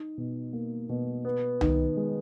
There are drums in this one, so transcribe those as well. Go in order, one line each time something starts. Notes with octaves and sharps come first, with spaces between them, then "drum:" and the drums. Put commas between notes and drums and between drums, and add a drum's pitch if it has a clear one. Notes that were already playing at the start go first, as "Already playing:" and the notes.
Already playing: D#4
B2
A#3
B2
B3
D#3, drum: tom C2
G#3